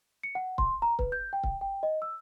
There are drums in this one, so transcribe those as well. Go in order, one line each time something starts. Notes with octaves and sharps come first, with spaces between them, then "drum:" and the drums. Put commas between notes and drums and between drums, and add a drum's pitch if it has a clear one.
C#7
F#5
C6, drum: kick C#1
A#5
B4, drum: kick C#1
G6
G5
drum: kick C#1
G5
D#5
E6